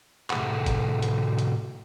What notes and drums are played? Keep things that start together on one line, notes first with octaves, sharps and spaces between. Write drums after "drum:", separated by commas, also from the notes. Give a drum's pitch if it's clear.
A2 C3 A3 G#4 F#5, drum: clap
drum: kick G1, hi-hat
drum: hi-hat
drum: hi-hat